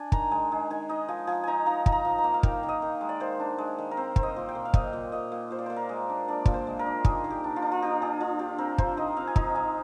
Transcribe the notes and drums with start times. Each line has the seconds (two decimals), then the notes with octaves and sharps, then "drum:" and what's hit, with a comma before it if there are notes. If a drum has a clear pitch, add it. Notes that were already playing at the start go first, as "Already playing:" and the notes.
Already playing: D4 G#5
0.12 D#3 A#5, drum: kick
0.31 G#3 G#5
0.52 G#3
0.70 D#3 G#5
0.89 D#4 D#5
1.08 F3 G#5
1.27 F3 G#5
1.43 D#4 G#5 A#5
1.66 F3 A#5
1.86 D#4, drum: kick
1.92 A#5
2.05 F3
2.18 A#5
2.24 A#3
2.34 F5
2.43 D#3 G5, drum: kick
2.63 D#3
2.69 D#5
2.82 D#3
3.01 G#3
3.09 D5
3.20 D#3 C5
3.40 D4
3.58 G#3
3.78 D#3
3.91 A#4
3.97 C4 C5
4.16 C4, drum: kick
4.23 D#5
4.36 A#2
4.49 G5
4.55 A#2
4.65 F5
4.74 A#2 D#5, drum: kick
4.93 A#2
5.12 A#2 D#5
5.32 A#2
5.51 A#2 C5
5.59 D5
5.66 A#2 C5
5.76 A#4
5.89 G#3
6.09 D4
6.28 D4 D5
6.46 A#2 D5, drum: kick
6.54 C5
6.67 G#3
6.79 A#4
6.86 D4
7.05 D#3 G#4, drum: kick
7.24 D#3
7.30 G4
7.44 D4
7.56 F4
7.62 D4
7.72 F4
7.82 D4 G4
8.02 D4 G#4
8.20 D4 F4
8.39 D4 G4
8.58 C4 A#4
8.78 F3 C5, drum: kick
8.97 D#4 D#5
9.17 C4 F5
9.27 G#5
9.36 D#4 A#5, drum: kick
9.55 D#4 G#5